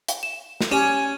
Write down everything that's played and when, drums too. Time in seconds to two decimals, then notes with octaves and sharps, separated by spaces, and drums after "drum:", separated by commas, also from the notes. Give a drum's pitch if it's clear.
0.09 drum: hi-hat
0.23 E7
0.61 drum: snare
0.71 C#4 G4 G#5